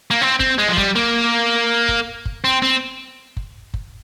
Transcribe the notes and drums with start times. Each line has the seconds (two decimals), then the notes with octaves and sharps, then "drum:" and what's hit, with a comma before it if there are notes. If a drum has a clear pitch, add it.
0.11 A#3
0.21 C4
0.40 C4, drum: kick F#1
0.59 G#3
0.68 F3
0.77 G3, drum: kick F#1
0.96 A#3
1.88 drum: kick F#1
2.25 drum: kick F#1
2.44 C4
2.62 C4
3.37 drum: kick F#1
3.74 drum: kick F#1